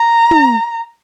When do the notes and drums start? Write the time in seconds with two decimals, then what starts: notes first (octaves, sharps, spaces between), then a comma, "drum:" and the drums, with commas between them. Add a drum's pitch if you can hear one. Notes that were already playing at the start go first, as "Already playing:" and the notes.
Already playing: A#5
0.31 drum: tom